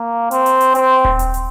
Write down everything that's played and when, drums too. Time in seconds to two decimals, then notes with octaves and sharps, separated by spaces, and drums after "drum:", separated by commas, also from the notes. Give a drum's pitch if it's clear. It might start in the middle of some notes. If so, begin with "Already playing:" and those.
Already playing: A#3
0.31 C4, drum: hi-hat
0.46 drum: hi-hat
0.61 drum: hi-hat
0.75 C4, drum: hi-hat
1.05 drum: kick D#1
1.19 drum: hi-hat
1.34 drum: hi-hat